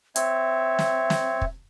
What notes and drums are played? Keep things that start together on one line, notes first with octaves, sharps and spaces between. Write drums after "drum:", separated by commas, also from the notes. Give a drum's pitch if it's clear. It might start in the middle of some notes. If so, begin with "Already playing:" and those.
C4 C#5 E5, drum: hi-hat
drum: snare
drum: snare
drum: kick